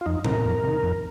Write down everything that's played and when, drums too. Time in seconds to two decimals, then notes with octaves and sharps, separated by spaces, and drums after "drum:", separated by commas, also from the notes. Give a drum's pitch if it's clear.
0.01 F4
0.06 F2 D#4
0.25 C3 D#3 A#4, drum: tom A2
0.44 F2
0.64 C3 D#3
0.83 F2